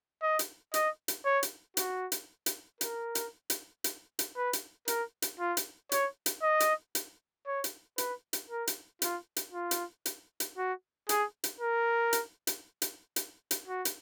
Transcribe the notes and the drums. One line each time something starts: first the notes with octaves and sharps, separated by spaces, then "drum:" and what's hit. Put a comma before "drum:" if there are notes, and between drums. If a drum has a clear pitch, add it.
D#5
drum: hi-hat
D#5, drum: hi-hat
drum: hi-hat
C#5
drum: hi-hat
F#4, drum: hi-hat
drum: hi-hat
drum: hi-hat
A#4, drum: hi-hat
drum: hi-hat
drum: hi-hat
drum: hi-hat
drum: hi-hat
B4
drum: hi-hat
A#4, drum: hi-hat
drum: hi-hat
F4
drum: hi-hat
C#5, drum: hi-hat
drum: hi-hat
D#5
drum: hi-hat
drum: hi-hat
C#5
drum: hi-hat
B4, drum: hi-hat
drum: hi-hat
A#4
drum: hi-hat
F4, drum: hi-hat
drum: hi-hat
F4
drum: hi-hat
drum: hi-hat
drum: hi-hat
F#4
G#4, drum: hi-hat
drum: hi-hat
A#4
drum: hi-hat
drum: hi-hat
drum: hi-hat
drum: hi-hat
drum: hi-hat
F#4
drum: hi-hat